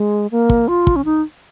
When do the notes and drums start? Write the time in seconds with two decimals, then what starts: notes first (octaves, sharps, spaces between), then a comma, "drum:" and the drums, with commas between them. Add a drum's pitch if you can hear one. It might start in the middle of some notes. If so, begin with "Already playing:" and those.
Already playing: G#3
0.31 A#3
0.49 drum: kick
0.68 F4
0.87 drum: kick
0.96 C#4
1.05 D#4